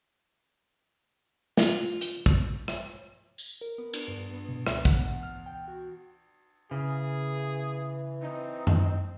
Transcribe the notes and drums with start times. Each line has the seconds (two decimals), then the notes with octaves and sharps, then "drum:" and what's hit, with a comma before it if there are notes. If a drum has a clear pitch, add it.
1.57 F4, drum: snare
2.01 drum: hi-hat
2.26 drum: kick
2.68 drum: rim click
3.38 drum: tambourine
3.61 A#4
3.78 B3
3.94 D4, drum: cymbal
4.08 G2
4.33 B3
4.49 B2
4.67 C#2, drum: rim click
4.85 F#5, drum: kick
5.04 E3
5.23 F6
5.46 G5
5.68 F#4
6.71 C#3 E3 G#4
8.22 C4 D#4
8.67 drum: tom F#2